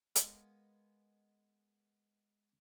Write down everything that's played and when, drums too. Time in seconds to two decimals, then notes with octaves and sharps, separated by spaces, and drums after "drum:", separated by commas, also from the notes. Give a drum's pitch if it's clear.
0.15 G#3 B3 A#4 D#5 F5, drum: hi-hat